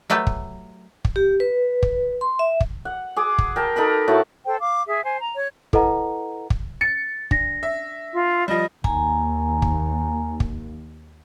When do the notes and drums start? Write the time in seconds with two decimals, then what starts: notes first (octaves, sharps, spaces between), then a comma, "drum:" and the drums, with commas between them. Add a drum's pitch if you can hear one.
0.10 F#3 A3 G4 B4 A5
0.27 drum: kick
1.05 drum: kick
1.16 G4
1.40 B4
1.83 drum: kick
2.21 C6
2.39 E5
2.61 drum: kick
2.85 F#5
3.16 G#4 D6
3.38 drum: kick
3.56 A#4 G5 A5
3.76 D#4 A4 A#4 B5
4.08 A2 E4 F#4 A5
4.46 A4 C5 G5
4.60 F5 D6
4.87 G#4 E5
5.04 C5 G#5
5.19 A#5
5.35 C#5
5.73 E4 A4 B4 D#5 F#5 A#5, drum: kick
6.50 drum: kick
6.81 A6 C#7
7.31 D4 A#6, drum: kick
7.63 E5
8.13 F4
8.48 F3 G3 D#5
8.84 D#2 G#5 A#5, drum: kick
9.62 drum: kick
10.40 drum: kick